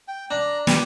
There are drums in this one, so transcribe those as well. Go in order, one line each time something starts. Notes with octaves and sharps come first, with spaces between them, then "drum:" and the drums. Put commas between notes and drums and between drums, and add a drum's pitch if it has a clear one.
G5
D4 A#5
G4 B4, drum: snare